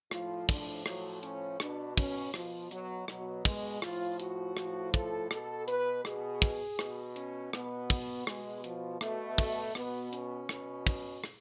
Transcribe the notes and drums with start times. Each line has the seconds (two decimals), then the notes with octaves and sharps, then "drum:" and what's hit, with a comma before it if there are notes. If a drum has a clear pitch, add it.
0.11 A2 F3 F4, drum: rim click
0.49 D4, drum: kick, open hi-hat
0.86 A2 F3 F#3, drum: rim click
1.23 C#4, drum: hi-hat
1.60 B2 D4, drum: rim click
1.97 C#4, drum: kick, open hi-hat
2.34 B2 F3, drum: rim click
2.71 F#3, drum: hi-hat
3.08 B2 F#3, drum: rim click
3.45 G#3, drum: kick, open hi-hat
3.82 A2 F3 F4, drum: rim click
4.20 F#4, drum: hi-hat
4.57 A2 F3, drum: rim click
4.94 A4, drum: kick
5.31 B2 A4, drum: rim click
5.68 B4, drum: hi-hat
6.05 B2 G#4, drum: rim click
6.42 drum: kick, open hi-hat
6.79 B2, drum: rim click
7.16 C#4, drum: hi-hat
7.53 B2 B3, drum: rim click
7.90 drum: kick, open hi-hat
8.27 B2 G#3, drum: rim click
8.64 F3, drum: hi-hat
9.01 B2 A3, drum: rim click
9.38 drum: kick, open hi-hat
9.75 B2 B3, drum: rim click
10.13 C#4, drum: hi-hat
10.49 B2, drum: rim click
10.87 drum: kick, open hi-hat
11.24 drum: rim click